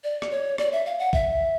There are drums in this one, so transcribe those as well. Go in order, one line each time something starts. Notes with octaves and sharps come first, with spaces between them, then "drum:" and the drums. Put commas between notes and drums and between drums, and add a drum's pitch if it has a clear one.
D5
drum: rim click
C#5
D5, drum: rim click
E5
F5
F#5
E5, drum: kick A1